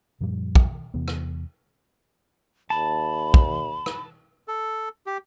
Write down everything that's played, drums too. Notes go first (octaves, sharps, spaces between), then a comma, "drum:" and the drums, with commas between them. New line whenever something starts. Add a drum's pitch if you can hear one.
F#2 A#2 F3 G3
drum: kick
E2 C3 E3 B3
drum: rim click
D#2 A5 B5
drum: kick
drum: rim click
A4
G4